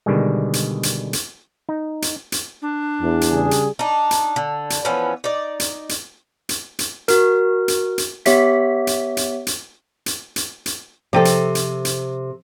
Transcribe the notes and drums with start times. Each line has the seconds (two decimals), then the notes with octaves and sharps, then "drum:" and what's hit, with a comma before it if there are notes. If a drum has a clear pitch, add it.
0.06 B2 D3 D#3 G3 G#3
0.53 drum: hi-hat
0.83 drum: hi-hat
1.13 drum: hi-hat
1.69 D#4
2.02 drum: hi-hat
2.32 drum: hi-hat
2.62 D4
3.00 E2
3.21 drum: hi-hat
3.31 C#3 G3 G#4
3.51 drum: hi-hat
3.79 D4 D#4
4.11 drum: hi-hat
4.36 D3
4.70 drum: hi-hat
4.85 E3 F3 B3 C#4
5.24 D#4 D5
5.60 drum: hi-hat
5.89 drum: hi-hat
6.49 drum: hi-hat
6.79 drum: hi-hat
7.08 F#4 A#4, drum: hi-hat
7.68 drum: hi-hat
7.98 drum: hi-hat
8.26 B3 G4 C#5 E5 B6, drum: hi-hat
8.87 drum: hi-hat
9.17 drum: hi-hat
9.47 drum: hi-hat
10.06 drum: hi-hat
10.36 drum: hi-hat
10.66 drum: hi-hat
11.13 C3 F3 A4 G5
11.25 drum: hi-hat
11.55 drum: hi-hat
11.85 drum: hi-hat